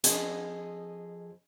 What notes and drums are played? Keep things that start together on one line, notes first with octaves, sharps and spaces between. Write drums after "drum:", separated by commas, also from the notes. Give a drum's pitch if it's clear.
F2 G#4 D#5, drum: hi-hat